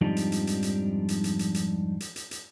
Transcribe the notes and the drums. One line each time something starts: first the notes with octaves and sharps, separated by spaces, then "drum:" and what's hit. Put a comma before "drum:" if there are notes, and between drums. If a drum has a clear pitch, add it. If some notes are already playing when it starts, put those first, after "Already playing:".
F2 G#2 F3 G3 D4 D#4
drum: hi-hat
drum: hi-hat
drum: hi-hat
drum: hi-hat
drum: hi-hat
drum: hi-hat
drum: hi-hat
drum: hi-hat
drum: hi-hat
drum: hi-hat
drum: hi-hat